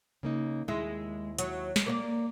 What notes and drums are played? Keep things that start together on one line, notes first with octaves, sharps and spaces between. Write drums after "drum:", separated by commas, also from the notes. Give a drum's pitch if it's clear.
C#3 A#3 D#4
D#2 G#3 E4 E5
F#3, drum: hi-hat
drum: snare
A#3 C#5 D5